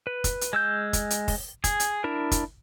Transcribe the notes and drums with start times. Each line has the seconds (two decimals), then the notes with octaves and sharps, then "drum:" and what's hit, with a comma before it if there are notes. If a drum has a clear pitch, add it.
0.07 B4
0.24 drum: kick, hi-hat
0.41 drum: hi-hat
0.53 G#3 E6 G6
0.93 drum: kick, hi-hat
1.10 drum: hi-hat
1.28 drum: kick, open hi-hat
1.64 G#4, drum: kick, hi-hat
1.80 drum: hi-hat
2.04 D4 E4 A#4
2.32 drum: kick, hi-hat